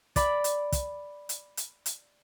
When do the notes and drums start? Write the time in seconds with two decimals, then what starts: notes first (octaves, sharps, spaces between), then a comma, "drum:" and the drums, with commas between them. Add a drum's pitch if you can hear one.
0.16 D5 B5, drum: kick, hi-hat
0.44 drum: hi-hat
0.72 drum: kick, hi-hat
1.29 drum: hi-hat
1.57 drum: hi-hat
1.86 drum: hi-hat